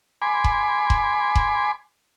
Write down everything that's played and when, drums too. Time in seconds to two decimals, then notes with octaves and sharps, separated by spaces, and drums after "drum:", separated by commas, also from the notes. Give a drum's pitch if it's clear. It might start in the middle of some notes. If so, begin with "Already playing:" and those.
0.22 G#5 B5 C6 D6
0.44 drum: kick E1
0.90 drum: kick E1
1.35 drum: kick E1